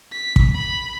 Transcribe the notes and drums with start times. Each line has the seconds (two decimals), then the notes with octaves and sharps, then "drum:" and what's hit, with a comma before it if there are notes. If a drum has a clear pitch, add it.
0.11 B6
0.36 drum: kick
0.55 B5